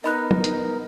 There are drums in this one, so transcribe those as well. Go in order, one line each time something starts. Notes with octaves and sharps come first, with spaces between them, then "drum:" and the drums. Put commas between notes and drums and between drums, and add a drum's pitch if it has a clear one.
B3 D#4 A#4 D#5 B5 F#6
drum: tom F#3
drum: hi-hat